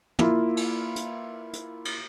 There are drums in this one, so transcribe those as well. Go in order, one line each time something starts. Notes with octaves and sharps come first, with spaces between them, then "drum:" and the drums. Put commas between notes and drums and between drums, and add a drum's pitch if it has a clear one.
A#3 E4 F4, drum: tom
drum: cymbal
drum: hi-hat
drum: hi-hat
drum: cymbal